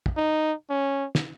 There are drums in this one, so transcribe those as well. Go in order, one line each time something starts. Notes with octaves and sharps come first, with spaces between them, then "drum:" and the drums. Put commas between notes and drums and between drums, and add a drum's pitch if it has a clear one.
drum: kick
D#4
C#4
drum: snare